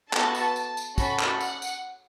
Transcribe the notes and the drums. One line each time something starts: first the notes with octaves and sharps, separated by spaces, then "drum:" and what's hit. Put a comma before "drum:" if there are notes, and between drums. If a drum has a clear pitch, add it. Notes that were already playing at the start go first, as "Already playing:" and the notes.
B3 F#4 A4 A5, drum: clap
drum: tambourine
drum: tambourine
drum: tambourine
C#4 F#4 A4 B5, drum: kick, tambourine
drum: clap
F#5, drum: tambourine
drum: tambourine